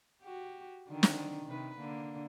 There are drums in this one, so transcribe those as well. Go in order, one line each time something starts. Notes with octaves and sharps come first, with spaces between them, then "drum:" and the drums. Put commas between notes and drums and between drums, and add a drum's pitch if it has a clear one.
F#4 G4
D3 D#3 D4
drum: snare
C3 D#3 B4
D3 A#3